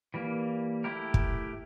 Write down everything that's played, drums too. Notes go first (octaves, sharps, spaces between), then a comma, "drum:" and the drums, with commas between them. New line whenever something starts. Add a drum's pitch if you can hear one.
E3 G3 A#3
A3 E4 G4 A#4
drum: kick